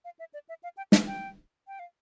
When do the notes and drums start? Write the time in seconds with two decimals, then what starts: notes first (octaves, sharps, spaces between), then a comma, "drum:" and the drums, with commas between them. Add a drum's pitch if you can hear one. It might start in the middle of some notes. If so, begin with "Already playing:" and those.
0.05 F5
0.19 E5
0.34 D5
0.49 E5
0.63 F5
0.77 G5
0.92 A5, drum: snare
1.06 G5
1.68 G5
1.79 F5